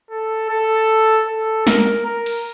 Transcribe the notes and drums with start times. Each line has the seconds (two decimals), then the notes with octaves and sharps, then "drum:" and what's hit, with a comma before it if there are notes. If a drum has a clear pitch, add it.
0.11 A4
0.49 A4
1.27 A4
1.67 A#4, drum: snare
1.88 drum: hi-hat
2.05 A#4
2.26 drum: cymbal